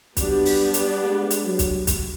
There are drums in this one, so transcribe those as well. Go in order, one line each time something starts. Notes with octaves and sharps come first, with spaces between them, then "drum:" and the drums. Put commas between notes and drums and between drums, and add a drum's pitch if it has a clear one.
F#3 B3 D4 G4, drum: kick, hi-hat
drum: open hi-hat
G3
drum: hi-hat
G#3
drum: hi-hat
F#3
drum: kick, hi-hat
drum: kick, hi-hat